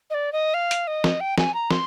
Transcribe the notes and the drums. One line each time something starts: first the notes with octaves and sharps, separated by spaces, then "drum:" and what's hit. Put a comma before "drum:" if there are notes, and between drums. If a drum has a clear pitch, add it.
D#5
D5
D#5
F5
drum: hi-hat
D#5
drum: snare
G5
G#5, drum: snare
A#5
C6, drum: snare